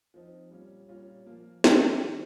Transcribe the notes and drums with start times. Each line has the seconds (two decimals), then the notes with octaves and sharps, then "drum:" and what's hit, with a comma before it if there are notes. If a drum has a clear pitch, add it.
0.14 F3 C4 D#4
0.51 A#2 G3 C#4 F4
0.88 A#2 G3 C#4 F4
1.26 F3 A#3 F4
1.64 F3 A#3 F4, drum: snare
2.01 D#3 G3 C4 F4